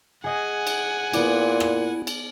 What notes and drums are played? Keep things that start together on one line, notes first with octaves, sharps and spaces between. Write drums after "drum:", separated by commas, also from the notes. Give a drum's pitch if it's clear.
G#4 D#5 F#5 G#5 G#6
drum: cymbal
A#2 B3 E4 D5, drum: cymbal
drum: rim click
drum: cymbal